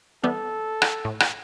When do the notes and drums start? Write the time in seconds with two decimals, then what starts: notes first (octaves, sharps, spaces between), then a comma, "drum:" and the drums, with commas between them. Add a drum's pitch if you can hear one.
0.24 E3 G3 B3 A4
0.82 drum: rim click
1.05 A2
1.20 drum: rim click